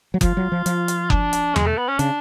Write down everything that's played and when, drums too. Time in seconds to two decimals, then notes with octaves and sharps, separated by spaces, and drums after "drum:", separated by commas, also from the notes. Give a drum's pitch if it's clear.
0.14 F#3
0.21 F3 F4, drum: kick F#1, hi-hat
0.37 F#3
0.52 F3
0.66 F3, drum: hi-hat
0.88 drum: hi-hat
1.10 D4, drum: kick F#1
1.33 drum: hi-hat
1.56 G#3, drum: tom E2
1.66 A3
1.78 B3
1.88 C#4
1.99 C#3 D4, drum: hi-hat